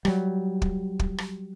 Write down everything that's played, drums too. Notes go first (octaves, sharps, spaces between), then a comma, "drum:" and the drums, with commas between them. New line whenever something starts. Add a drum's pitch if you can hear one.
F#3 G3, drum: rim click
drum: kick
drum: kick
drum: rim click